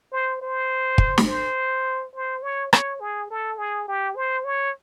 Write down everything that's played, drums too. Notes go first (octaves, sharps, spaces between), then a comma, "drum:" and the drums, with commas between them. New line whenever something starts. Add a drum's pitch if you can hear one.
C5
C5
drum: kick
drum: snare
C5
C5
C#5
C#5, drum: rim click
G#4
A4
G#4
G4
C5
C#5